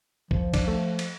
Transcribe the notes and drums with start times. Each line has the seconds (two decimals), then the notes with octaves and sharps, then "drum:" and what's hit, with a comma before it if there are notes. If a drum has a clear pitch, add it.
0.31 F3, drum: kick
0.54 D4, drum: kick, cymbal
0.68 A3
0.99 drum: cymbal